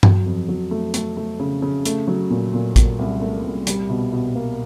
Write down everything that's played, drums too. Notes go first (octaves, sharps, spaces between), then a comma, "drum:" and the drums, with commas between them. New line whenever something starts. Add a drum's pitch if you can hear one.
F#3, drum: tom G2
F2
F#3
A3
A3, drum: hi-hat
A3
C#3
C#3
A3, drum: hi-hat
F#3
A#2
A#2
A#2, drum: kick, hi-hat
C2
A3
C2
G3, drum: hi-hat
B2
B2
A#3